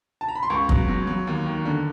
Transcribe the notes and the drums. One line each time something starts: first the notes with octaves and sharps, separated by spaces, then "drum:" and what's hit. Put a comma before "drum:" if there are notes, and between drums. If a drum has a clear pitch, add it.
A5
A#5
B5
C6
C#2 C#6
F#3, drum: kick
F#3
F#3
D#2
D#3
D3